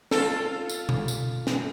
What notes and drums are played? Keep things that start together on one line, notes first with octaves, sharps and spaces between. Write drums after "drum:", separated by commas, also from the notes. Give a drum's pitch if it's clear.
F4 A4, drum: snare
drum: tambourine
drum: tom B2
drum: tambourine
drum: snare